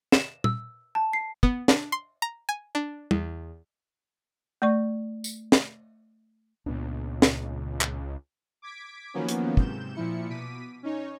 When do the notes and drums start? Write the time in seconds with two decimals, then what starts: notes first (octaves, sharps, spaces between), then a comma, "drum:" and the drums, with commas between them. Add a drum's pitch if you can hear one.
0.12 E7, drum: snare
0.44 E6, drum: tom
0.95 A5
1.13 C7
1.43 B3, drum: kick
1.68 D4, drum: snare
1.92 C6
2.22 A#5
2.49 G#5
2.75 D4
3.11 E2, drum: tom
4.62 A3 D5 C#6
5.24 drum: tambourine
5.52 drum: snare
6.66 C#2 A#2 B3 D4
7.22 drum: snare
7.81 drum: clap
8.62 D6 G#6 B6 D7
9.14 D#3 F3 F#3 A#3 B3 C#4
9.29 drum: hi-hat
9.57 G#2 C3 G6 E7, drum: kick
9.95 A#2 F3 E4 C#7
10.30 B2 D6 B6 D#7
10.83 C#4 D#4 C#5